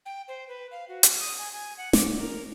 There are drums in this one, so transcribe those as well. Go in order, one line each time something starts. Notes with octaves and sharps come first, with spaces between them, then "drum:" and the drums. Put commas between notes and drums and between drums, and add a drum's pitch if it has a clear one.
G5
C5
B4
F5
F#4
drum: hi-hat
D#6
G#5
G#5
F#5
D6, drum: snare
A#4